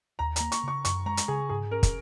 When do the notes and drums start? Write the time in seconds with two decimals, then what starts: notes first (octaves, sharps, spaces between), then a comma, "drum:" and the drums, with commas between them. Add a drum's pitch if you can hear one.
0.19 D#2 A#5
0.36 A#5, drum: hi-hat
0.40 A#3
0.52 C#6, drum: hi-hat
0.63 C#3 C#6
0.85 F#2 C#6, drum: hi-hat
1.06 G#3 A#5
1.17 drum: hi-hat
1.28 C#3 G#4
1.50 G#2 G#4
1.71 C#4 A#4
1.83 drum: kick, hi-hat